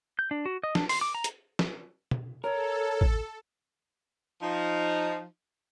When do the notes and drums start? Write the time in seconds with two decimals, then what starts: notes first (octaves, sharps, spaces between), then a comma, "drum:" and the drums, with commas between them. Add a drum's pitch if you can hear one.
0.19 G6
0.31 D4
0.46 F#4
0.64 D#5
0.75 D4, drum: snare
0.89 C6, drum: open hi-hat
1.01 D6
1.15 A#5
1.24 drum: hi-hat
1.59 drum: snare
2.11 drum: tom B2
2.44 A4 A#4 C#5
3.01 drum: kick
4.42 F3 D#4